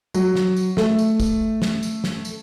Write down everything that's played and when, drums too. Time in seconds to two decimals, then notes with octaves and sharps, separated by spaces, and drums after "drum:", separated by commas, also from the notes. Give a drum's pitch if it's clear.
0.14 F#3, drum: tambourine
0.35 drum: snare
0.57 drum: tambourine
0.77 A3, drum: snare
0.99 drum: tambourine
1.20 drum: kick, tambourine
1.62 drum: snare
1.83 drum: tambourine
2.04 drum: snare
2.25 drum: tambourine